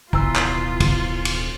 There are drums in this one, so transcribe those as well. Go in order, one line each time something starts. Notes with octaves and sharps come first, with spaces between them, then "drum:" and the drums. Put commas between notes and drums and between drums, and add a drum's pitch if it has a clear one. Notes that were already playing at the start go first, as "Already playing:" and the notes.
D1 G#1 B2 E3 F4 A#5 E6, drum: kick
drum: clap
drum: kick, cymbal
drum: cymbal